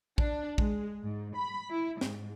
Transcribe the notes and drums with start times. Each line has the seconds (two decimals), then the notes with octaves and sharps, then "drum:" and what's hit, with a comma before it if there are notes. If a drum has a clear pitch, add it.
0.18 D4, drum: kick
0.58 G#3, drum: kick
1.03 G#2
1.36 B5
1.70 E4
2.01 G#2, drum: snare